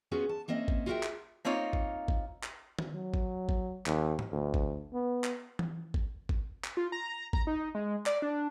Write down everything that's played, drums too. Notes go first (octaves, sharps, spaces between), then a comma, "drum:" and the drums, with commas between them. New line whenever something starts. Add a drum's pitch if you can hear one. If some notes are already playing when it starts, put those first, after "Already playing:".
B3 C#4 F4 F#4 G#4
A5
A#3 C4 C#4 D#5 E5
drum: kick
F4 F#4 G#4 A#4 E5 G5
drum: clap
A#3 C4 D#4 F4 C#5
drum: kick
drum: kick
drum: clap
drum: tom D#3
F#3
drum: kick
drum: kick
D#2, drum: clap
drum: tom G#2
D2
drum: kick
B3
drum: clap
drum: tom E3
drum: kick
drum: kick
drum: clap
F4
A#5
A#5, drum: kick
D#4
G#3
D5, drum: clap
D4